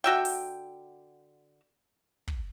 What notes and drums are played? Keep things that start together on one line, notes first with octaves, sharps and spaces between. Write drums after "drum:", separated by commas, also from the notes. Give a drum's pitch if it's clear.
D3 F#4 E5 G5
drum: open hi-hat
drum: kick